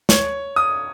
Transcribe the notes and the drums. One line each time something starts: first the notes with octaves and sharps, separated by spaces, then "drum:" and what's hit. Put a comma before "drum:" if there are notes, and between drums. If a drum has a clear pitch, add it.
C#5, drum: snare
D#6